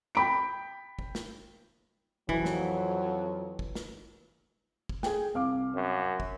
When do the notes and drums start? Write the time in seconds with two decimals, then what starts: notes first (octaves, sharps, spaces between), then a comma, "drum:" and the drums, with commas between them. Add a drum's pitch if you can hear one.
0.15 G5 B5 D7
0.99 drum: kick
1.15 drum: snare
2.29 F2 E3 F#3, drum: kick
2.45 drum: snare
3.59 drum: kick
3.75 drum: snare
4.89 drum: kick
5.03 G#4 G5, drum: snare
5.34 C2 F5 D6
5.75 F#2
6.20 drum: kick